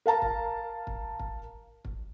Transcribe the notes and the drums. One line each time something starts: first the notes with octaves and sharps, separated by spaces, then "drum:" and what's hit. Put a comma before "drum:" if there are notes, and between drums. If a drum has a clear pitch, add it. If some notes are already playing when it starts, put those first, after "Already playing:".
A#4 F5 A5 A#5
drum: kick
drum: kick
drum: kick
drum: kick